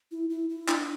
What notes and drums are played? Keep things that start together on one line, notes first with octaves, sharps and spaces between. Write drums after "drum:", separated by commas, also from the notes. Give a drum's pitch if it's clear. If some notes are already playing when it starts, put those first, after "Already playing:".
E4
E4
E4
D4, drum: clap